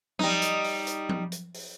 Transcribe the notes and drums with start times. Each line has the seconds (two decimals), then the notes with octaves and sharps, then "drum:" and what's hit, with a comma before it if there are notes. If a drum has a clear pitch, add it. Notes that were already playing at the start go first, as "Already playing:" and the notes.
0.19 G3 D#4, drum: tom F3
0.42 drum: hi-hat
0.64 drum: open hi-hat
0.87 drum: hi-hat
1.09 drum: tom F3
1.32 drum: hi-hat
1.54 drum: open hi-hat